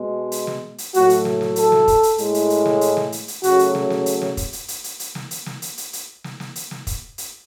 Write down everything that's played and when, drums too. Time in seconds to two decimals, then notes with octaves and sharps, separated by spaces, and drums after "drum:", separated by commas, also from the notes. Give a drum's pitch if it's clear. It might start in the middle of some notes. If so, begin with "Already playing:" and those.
Already playing: B2 G#3
0.32 drum: hi-hat
0.47 drum: snare
0.78 drum: hi-hat
0.94 A2 F#3 A3 F#4, drum: hi-hat
1.10 drum: hi-hat
1.25 drum: snare
1.41 drum: snare
1.56 A4, drum: hi-hat
1.72 drum: snare
1.88 drum: kick, hi-hat
2.03 drum: hi-hat
2.18 A2 G#3, drum: hi-hat
2.34 drum: hi-hat
2.50 drum: hi-hat
2.66 drum: snare
2.81 drum: hi-hat
2.97 drum: snare
3.12 drum: hi-hat
3.28 drum: hi-hat
3.43 C#3 F#3 A3 F#4, drum: hi-hat
3.59 drum: hi-hat
3.75 drum: snare
3.90 drum: snare
4.06 drum: hi-hat
4.22 drum: snare
4.37 drum: kick, hi-hat
4.53 drum: hi-hat
4.68 drum: hi-hat
4.84 drum: hi-hat
5.00 drum: hi-hat
5.15 drum: snare
5.31 drum: hi-hat
5.46 drum: snare
5.62 drum: hi-hat
5.78 drum: hi-hat
5.93 drum: hi-hat
6.24 drum: snare
6.40 drum: snare
6.56 drum: hi-hat
6.71 drum: snare
6.87 drum: kick, hi-hat
7.18 drum: hi-hat